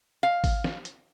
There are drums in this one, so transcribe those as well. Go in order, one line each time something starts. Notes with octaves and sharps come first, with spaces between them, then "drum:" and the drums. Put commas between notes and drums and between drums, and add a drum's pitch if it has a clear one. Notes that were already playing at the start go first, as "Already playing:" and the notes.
F5
drum: kick G#1, open hi-hat
drum: snare
drum: hi-hat